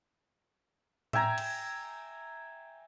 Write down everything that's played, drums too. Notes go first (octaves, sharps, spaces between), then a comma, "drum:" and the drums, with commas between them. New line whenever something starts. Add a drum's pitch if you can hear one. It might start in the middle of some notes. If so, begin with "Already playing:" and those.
E5 G5 G#5 A#5, drum: tom A2
drum: cymbal